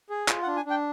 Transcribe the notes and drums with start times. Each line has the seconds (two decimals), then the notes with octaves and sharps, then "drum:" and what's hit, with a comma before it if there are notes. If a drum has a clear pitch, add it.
0.10 G#4
0.28 F4, drum: clap
0.43 F#5
0.47 D4
0.56 G#5
0.65 D4 G5